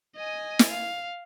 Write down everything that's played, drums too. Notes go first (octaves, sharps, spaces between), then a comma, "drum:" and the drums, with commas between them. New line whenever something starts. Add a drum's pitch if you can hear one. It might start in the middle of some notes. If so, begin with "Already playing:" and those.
D#5 G#5
drum: snare
F5